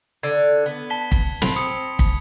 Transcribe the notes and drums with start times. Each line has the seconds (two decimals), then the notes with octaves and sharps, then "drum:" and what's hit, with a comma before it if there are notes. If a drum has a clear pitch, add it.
0.23 D3 G#6
0.66 B3
0.90 A5 B6 G7
1.12 drum: kick
1.42 C4 B5 F7, drum: snare
1.56 B5 D#6 C#7
1.99 drum: kick